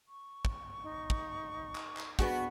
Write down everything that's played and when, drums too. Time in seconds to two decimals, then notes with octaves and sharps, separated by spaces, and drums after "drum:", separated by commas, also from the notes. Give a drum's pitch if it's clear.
0.08 C#6
0.45 drum: kick
0.84 D#4
1.10 drum: kick
1.75 drum: clap
1.97 drum: clap
2.19 B3 D4 F#4 G#4 C#6, drum: kick